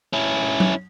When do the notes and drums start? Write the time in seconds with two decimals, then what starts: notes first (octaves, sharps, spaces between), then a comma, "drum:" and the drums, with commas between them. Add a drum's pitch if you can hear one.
0.13 C#4 E4
0.60 drum: tom F#3